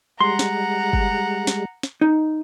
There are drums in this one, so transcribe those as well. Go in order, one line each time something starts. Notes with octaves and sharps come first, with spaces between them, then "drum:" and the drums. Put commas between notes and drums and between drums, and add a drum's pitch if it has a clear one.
G3 G#3 F#5 A#5 C6
drum: snare
drum: kick
drum: snare
drum: snare
D#4